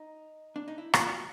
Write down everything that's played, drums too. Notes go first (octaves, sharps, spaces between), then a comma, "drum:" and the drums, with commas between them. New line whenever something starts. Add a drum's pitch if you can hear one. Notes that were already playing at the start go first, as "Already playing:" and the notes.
Already playing: D#4
D4
D#4
E4
F4, drum: rim click
F#4